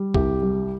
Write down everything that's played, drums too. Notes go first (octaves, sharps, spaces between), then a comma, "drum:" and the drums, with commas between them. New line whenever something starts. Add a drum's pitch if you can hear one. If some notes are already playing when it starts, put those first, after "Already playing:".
Already playing: G3
C2 G4, drum: kick B1
G3